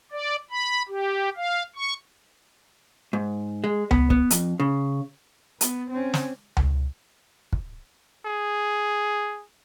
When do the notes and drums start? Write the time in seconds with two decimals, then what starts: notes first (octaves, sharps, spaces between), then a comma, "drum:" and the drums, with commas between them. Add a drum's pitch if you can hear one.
0.12 D5
0.50 B5
0.89 G4
1.37 F5
1.76 C#6
3.13 G#2
3.64 G#3
3.91 B3, drum: tom C#2
4.10 B3, drum: kick
4.30 F2, drum: hi-hat
4.60 C#3
5.61 B3, drum: hi-hat
5.90 C4 C#4
6.14 drum: snare
6.57 drum: tom C#2
7.53 drum: kick
8.26 G#4